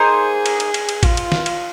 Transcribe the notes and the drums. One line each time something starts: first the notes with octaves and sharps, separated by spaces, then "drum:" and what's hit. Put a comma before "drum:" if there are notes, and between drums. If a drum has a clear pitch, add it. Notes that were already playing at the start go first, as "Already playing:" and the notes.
Already playing: A#3 D#4 G#4 C5
drum: cymbal
drum: cymbal
drum: cymbal
drum: cymbal
F4, drum: kick A1, cymbal
drum: cymbal
drum: snare
drum: cymbal